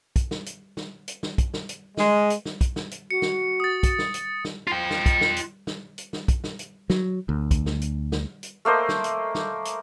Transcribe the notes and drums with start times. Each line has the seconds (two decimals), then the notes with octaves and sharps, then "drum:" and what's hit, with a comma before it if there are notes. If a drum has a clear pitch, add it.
0.16 drum: kick, hi-hat
0.31 drum: snare
0.46 drum: hi-hat
0.77 drum: snare
1.08 drum: hi-hat
1.23 drum: snare
1.38 drum: kick, hi-hat
1.54 drum: snare
1.69 drum: hi-hat
1.97 G#3, drum: snare
2.30 drum: hi-hat
2.45 drum: snare
2.61 drum: kick, hi-hat
2.76 drum: snare
2.91 drum: hi-hat
3.11 F#4 C#7
3.22 drum: snare
3.60 D#6 A6
3.83 drum: kick, hi-hat
3.99 drum: snare
4.14 drum: hi-hat
4.45 drum: snare
4.67 F4 G5
4.91 drum: snare
5.06 drum: kick, hi-hat
5.21 drum: snare
5.36 drum: hi-hat
5.67 drum: snare
5.98 drum: hi-hat
6.13 drum: snare
6.28 drum: kick, hi-hat
6.44 drum: snare
6.59 drum: hi-hat
6.90 F#3, drum: snare
7.29 D2
7.51 drum: kick, hi-hat
7.66 drum: snare
7.82 drum: hi-hat
8.12 drum: snare
8.43 drum: hi-hat
8.65 A3 A#3 C5 D#5
8.89 drum: snare
9.04 drum: hi-hat
9.35 drum: snare
9.65 drum: hi-hat